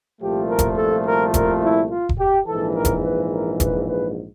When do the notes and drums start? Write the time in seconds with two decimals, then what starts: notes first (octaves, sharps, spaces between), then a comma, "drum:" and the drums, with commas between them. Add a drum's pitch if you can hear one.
0.21 C2 A#2 F3 A3 G4
0.49 A#4
0.59 drum: kick E1, hi-hat
0.77 A4
1.06 A#4
1.34 A#4, drum: kick E1, hi-hat
1.63 E4
1.91 F4
2.09 drum: kick E1
2.19 G4
2.47 A#1 G#2 E3 A4
2.75 A#4
2.85 drum: kick E1, hi-hat
3.04 B4
3.32 A#4
3.60 B4, drum: kick E1, hi-hat
3.88 B4